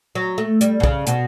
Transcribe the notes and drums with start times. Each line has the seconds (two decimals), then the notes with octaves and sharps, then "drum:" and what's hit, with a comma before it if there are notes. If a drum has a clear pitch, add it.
0.15 F#3
0.38 A3
0.61 G3, drum: hi-hat
0.80 B2
0.84 C#3, drum: kick
1.07 B2, drum: hi-hat